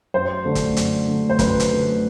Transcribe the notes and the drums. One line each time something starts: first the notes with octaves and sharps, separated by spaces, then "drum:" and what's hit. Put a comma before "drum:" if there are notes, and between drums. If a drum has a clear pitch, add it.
F#2 C5
D3 A3
drum: kick, hi-hat
F#2, drum: hi-hat
D3 A3
C5
F#2 B4, drum: kick, hi-hat
drum: hi-hat
D3 A3